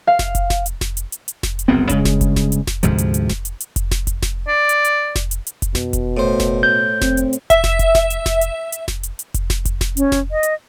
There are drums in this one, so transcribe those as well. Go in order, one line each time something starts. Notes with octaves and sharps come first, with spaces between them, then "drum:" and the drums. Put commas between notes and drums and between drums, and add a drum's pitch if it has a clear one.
F5
drum: snare F1
drum: kick F1, hi-hat
drum: snare F1
drum: hi-hat
drum: snare F1
drum: hi-hat
drum: hi-hat
drum: hi-hat
drum: snare F1
drum: hi-hat
F#1 C2 B3 C4
G2 C#3 G#3, drum: kick F1, hi-hat
drum: snare F1
drum: kick F1, hi-hat
drum: snare F1
drum: hi-hat
drum: snare F1
D2 G#2 C3 F3, drum: hi-hat
drum: hi-hat
drum: hi-hat
drum: snare F1
drum: hi-hat
drum: hi-hat
drum: kick F1, hi-hat
drum: snare F1
drum: kick F1, hi-hat
drum: snare F1
D5
drum: hi-hat
drum: hi-hat
drum: snare F1
drum: hi-hat
drum: hi-hat
drum: kick F1, hi-hat
B2, drum: snare F1
drum: kick F1, hi-hat
A2 C5
drum: snare F1
G6
C4, drum: snare F1
drum: hi-hat
drum: hi-hat
E5, drum: kick F1, hi-hat
drum: snare F1
drum: kick F1, hi-hat
drum: snare F1
drum: hi-hat
drum: snare F1
drum: hi-hat
drum: hi-hat
drum: snare F1
drum: hi-hat
drum: hi-hat
drum: kick F1, hi-hat
drum: snare F1
drum: kick F1, hi-hat
drum: snare F1
C#4, drum: hi-hat
drum: snare F1
D#5
drum: hi-hat